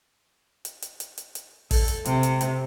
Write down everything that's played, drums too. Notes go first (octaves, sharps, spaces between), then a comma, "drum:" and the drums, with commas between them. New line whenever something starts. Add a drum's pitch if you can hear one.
drum: hi-hat
drum: hi-hat
drum: hi-hat
drum: hi-hat
drum: hi-hat
A4, drum: kick, open hi-hat
drum: hi-hat
C3, drum: hi-hat
drum: hi-hat
drum: hi-hat